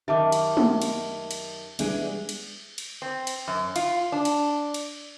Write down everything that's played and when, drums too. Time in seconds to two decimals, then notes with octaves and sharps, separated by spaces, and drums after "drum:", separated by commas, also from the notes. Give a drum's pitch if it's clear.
0.08 F#2 D#3 G4 E5 A5 D6
0.32 drum: cymbal
0.57 drum: tom
0.82 drum: cymbal
1.31 drum: cymbal
1.79 E3 G3 G#3 B3 D4 G#4, drum: cymbal
2.29 drum: cymbal
2.78 drum: cymbal
3.02 C4
3.27 drum: cymbal
3.48 F#2
3.76 F4, drum: cymbal
4.12 D4
4.25 drum: cymbal
4.74 drum: cymbal